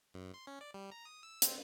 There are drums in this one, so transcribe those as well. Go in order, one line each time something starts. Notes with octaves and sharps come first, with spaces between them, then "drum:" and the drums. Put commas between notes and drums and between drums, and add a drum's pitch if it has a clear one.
F#2
C6
C#4
D5
G3
A#5
D#6
E6
C4, drum: hi-hat